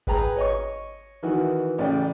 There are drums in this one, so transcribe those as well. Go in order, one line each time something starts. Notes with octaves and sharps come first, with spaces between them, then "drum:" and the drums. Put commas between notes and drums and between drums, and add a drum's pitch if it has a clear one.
G#4 B4 G5 G#5 A#5, drum: kick G#1
C#5 D#5 C#6
D#3 E3 F#4
A1 C#3 D5 G5